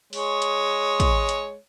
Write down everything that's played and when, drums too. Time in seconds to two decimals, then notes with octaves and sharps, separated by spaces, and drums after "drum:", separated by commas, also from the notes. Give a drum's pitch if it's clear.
0.13 G#3 C#5, drum: open hi-hat
0.42 drum: hi-hat
1.00 drum: kick, hi-hat
1.29 drum: hi-hat